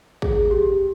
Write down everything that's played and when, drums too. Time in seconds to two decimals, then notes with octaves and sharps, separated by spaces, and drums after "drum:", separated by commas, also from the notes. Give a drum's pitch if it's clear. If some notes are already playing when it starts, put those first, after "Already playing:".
0.22 G#4, drum: kick
0.51 G4